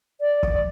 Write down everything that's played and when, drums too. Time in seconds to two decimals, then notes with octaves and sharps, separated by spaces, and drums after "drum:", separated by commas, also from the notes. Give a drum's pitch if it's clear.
0.21 D5
0.43 drum: kick